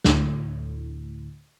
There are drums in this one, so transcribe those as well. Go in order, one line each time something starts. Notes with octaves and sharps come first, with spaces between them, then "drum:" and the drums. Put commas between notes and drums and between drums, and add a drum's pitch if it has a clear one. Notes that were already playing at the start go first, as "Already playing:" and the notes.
D2 A2, drum: snare